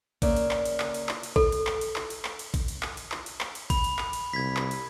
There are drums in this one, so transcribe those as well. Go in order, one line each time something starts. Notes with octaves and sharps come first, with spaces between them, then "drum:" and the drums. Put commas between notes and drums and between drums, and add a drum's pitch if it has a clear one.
C#3 A#3 D5 E5, drum: kick A1, cymbal
drum: cymbal
drum: clap
drum: cymbal
drum: clap
drum: cymbal
drum: clap
drum: cymbal
A4, drum: kick A1
drum: cymbal
drum: clap
drum: cymbal
drum: clap
drum: cymbal
drum: clap
drum: cymbal
drum: kick A1, cymbal
drum: cymbal
drum: clap
drum: cymbal
drum: clap
drum: cymbal
drum: clap
drum: cymbal
B5, drum: kick A1, cymbal
drum: cymbal
drum: clap
drum: cymbal
C2 G#6 B6
drum: clap
drum: cymbal